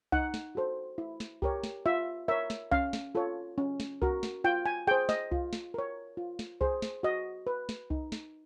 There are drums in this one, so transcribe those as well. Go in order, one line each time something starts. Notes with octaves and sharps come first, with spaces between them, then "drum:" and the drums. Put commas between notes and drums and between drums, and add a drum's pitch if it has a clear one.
D#4 F#5, drum: kick C2
drum: snare
F#4 A4 C5
E4
drum: snare
G4 A#4 C#5, drum: kick C2
drum: snare
F4 E5
A#4 C#5 E5
drum: snare
C#4 F5, drum: kick C2
drum: snare
F4 A4 C#5
C#4
drum: snare
F#4 A#4, drum: kick C2
drum: snare
F4 G5
G#5
G#4 C5 G5
D#5, drum: snare
F4, drum: kick C2
drum: snare
A#4 C#5
F4
drum: snare
G#4 C5, drum: kick C2
drum: snare
F#4 D#5
B4
drum: snare
D#4, drum: kick C2
drum: snare